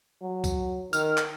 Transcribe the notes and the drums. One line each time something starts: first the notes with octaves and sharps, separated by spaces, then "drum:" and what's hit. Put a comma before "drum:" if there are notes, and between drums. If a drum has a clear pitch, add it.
F#3
drum: kick C2, tambourine
D#3 F6, drum: tambourine
drum: clap